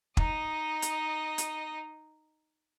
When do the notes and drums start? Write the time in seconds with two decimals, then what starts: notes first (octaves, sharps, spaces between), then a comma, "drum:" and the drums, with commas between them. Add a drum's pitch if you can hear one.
0.17 D#4 D#5, drum: kick
0.82 drum: hi-hat
1.38 drum: hi-hat